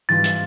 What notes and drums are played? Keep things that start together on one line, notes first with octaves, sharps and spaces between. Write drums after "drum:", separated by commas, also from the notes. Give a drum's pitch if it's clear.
G#2 E3 G3 C4 F4 A6
drum: hi-hat